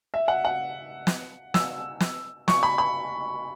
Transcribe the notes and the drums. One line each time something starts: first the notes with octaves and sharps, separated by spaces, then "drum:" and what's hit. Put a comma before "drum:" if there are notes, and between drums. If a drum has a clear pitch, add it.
E5
F#5
F#5
drum: snare
E6, drum: snare
drum: snare
C#6, drum: snare
B5
B5